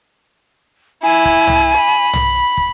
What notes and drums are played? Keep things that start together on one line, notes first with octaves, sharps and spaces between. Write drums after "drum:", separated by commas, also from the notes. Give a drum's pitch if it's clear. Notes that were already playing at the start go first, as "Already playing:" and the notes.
E4 G#5
drum: kick
drum: tom
B5
drum: tom
drum: kick